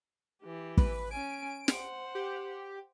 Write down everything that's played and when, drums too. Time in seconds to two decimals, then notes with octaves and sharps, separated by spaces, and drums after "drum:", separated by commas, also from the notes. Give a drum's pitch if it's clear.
0.43 E3 G4
0.77 B4, drum: kick
1.11 C#4 G#5 D7
1.68 C5 F#5, drum: snare
2.15 G4